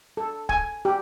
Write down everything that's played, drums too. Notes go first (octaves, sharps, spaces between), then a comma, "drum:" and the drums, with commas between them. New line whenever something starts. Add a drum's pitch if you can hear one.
A4
G#5, drum: kick D1
G4